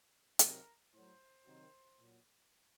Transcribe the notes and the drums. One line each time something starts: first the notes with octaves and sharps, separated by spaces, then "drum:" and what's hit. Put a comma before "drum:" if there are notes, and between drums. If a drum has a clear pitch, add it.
C3 D#3 F#3 A#4, drum: hi-hat
A2 F#3 C5
C3 D#3 F#3
A#2 F#3